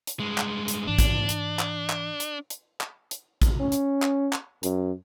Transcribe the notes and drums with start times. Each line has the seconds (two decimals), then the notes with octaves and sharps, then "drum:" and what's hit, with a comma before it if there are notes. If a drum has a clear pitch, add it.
0.07 drum: hi-hat
0.20 G2 G#3
0.38 drum: clap
0.68 drum: hi-hat
0.87 G#2 E3 D4
0.99 drum: kick A1, hi-hat
1.29 drum: hi-hat
1.59 drum: clap
1.90 drum: clap
2.20 drum: hi-hat
2.50 drum: hi-hat
2.81 drum: clap
3.11 drum: hi-hat
3.42 drum: kick A1, hi-hat
3.60 C#4
3.72 drum: hi-hat
4.02 drum: clap
4.33 drum: clap
4.63 F#2, drum: hi-hat